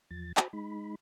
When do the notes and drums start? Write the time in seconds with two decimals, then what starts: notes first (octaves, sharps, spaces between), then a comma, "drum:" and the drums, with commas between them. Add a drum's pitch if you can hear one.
0.11 E2 F3 A6
0.37 F#4 C5 B5, drum: clap
0.53 G#3 D#4 B5